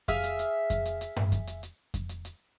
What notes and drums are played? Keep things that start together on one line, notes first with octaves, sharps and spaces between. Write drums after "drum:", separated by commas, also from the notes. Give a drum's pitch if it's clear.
G#4 E5 F5, drum: kick F2, hi-hat
drum: hi-hat
drum: hi-hat
drum: kick F2, hi-hat
drum: hi-hat
drum: hi-hat
drum: tom G2
drum: kick F2, hi-hat
drum: hi-hat
drum: hi-hat
drum: kick F2, hi-hat
drum: hi-hat
drum: hi-hat